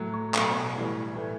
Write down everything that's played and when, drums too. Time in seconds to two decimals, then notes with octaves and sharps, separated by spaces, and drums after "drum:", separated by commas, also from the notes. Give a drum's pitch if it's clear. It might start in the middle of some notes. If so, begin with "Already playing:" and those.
Already playing: A2 F#3 A3
0.14 C#6
0.34 B2 A3, drum: clap
0.75 A2 E3 G3
1.15 A2 E3 A3